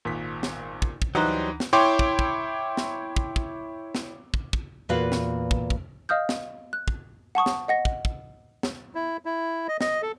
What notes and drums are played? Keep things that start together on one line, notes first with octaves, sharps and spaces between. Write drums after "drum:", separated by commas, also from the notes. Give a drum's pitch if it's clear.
G#1 A#2 B6
drum: snare
drum: kick
drum: kick
D2 E3 F#3 G3 D#4 C5 A#5 F#6
drum: snare
E4 C#5 G5 C6 D6
drum: kick
drum: kick
drum: snare
drum: kick
drum: kick
drum: snare
drum: kick
drum: kick
E2 A#2 F4 F#4 B4 F5
drum: snare
drum: kick
drum: kick
D#5 F5 D#6 F6 G6
drum: snare
F#6
drum: kick
F#5 A5 C#6 D#6
drum: snare
D#5 F#5 A#6
drum: kick
drum: kick
drum: snare
E4
E4
D#5
D#5, drum: snare
A4